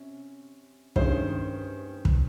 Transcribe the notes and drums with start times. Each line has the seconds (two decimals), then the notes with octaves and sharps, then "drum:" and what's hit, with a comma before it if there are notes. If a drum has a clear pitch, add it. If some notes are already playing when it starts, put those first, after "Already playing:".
Already playing: C3 C#4
0.96 G2 D#3 G#3 C#4 C5, drum: kick
2.05 drum: kick